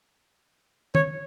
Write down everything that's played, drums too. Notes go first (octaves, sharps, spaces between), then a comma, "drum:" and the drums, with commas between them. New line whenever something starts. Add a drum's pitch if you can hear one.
C#5, drum: tom D#3